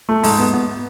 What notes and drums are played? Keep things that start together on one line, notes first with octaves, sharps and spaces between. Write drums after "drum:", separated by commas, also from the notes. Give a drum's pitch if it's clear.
A3
G#2, drum: open hi-hat
B3
B3